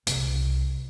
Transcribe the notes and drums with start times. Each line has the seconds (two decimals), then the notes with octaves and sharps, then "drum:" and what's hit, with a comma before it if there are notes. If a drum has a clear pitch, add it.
0.07 C2, drum: hi-hat